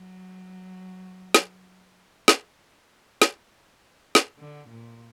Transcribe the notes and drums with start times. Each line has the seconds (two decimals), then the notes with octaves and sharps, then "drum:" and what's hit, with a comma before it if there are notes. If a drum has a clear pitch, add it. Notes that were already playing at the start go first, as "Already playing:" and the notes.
Already playing: F#3
1.34 drum: snare
2.28 drum: snare
3.22 drum: snare
4.15 drum: snare
4.39 D3
4.69 A#2